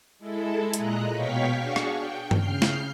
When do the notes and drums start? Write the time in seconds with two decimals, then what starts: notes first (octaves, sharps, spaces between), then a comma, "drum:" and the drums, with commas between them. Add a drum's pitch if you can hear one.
0.19 G#3 E4 A4
0.74 A#2 G#3 D#5 A#5 F#6, drum: hi-hat
1.10 B2 C#5 F5 G5 C#6 B6
1.58 D4 F#4 G#4 F5 C#6
1.76 drum: rim click
1.97 G5
2.31 C#3 F6 G6 C7, drum: tom G2
2.62 drum: snare